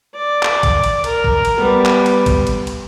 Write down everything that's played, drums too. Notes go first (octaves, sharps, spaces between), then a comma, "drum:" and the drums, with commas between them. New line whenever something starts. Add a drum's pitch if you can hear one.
D5
drum: clap
drum: kick G#1, cymbal
drum: cymbal
A#4, drum: cymbal
drum: kick G#1
drum: cymbal
G3 B3
drum: clap
drum: cymbal
drum: kick G#1, cymbal
drum: cymbal
drum: cymbal